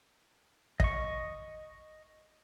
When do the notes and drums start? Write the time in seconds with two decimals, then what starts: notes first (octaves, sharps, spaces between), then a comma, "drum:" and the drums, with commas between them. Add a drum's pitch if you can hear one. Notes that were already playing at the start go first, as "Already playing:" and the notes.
0.80 D#5 C#6, drum: kick